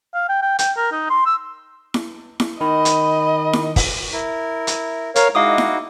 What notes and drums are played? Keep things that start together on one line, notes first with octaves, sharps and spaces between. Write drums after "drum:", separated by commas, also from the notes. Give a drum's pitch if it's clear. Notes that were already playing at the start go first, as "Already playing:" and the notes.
F5
G5
G5
G5, drum: hi-hat
A#4
D#4
C6
E6
drum: snare E4
drum: snare E4
D#3 D#5 B5
drum: hi-hat
drum: snare E4
drum: kick, open hi-hat
E4 A#4
drum: hi-hat
A#4 C#5 F5, drum: hi-hat
G#3 D#4 E4 F#4 F5 D6 D#6
drum: snare E4